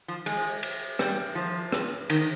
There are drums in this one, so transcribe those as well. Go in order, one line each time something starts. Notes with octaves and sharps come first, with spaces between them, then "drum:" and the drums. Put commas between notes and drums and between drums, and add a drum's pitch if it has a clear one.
F3
G#3, drum: cymbal
drum: cymbal
G3, drum: rim click
F3
drum: rim click
D#3, drum: cymbal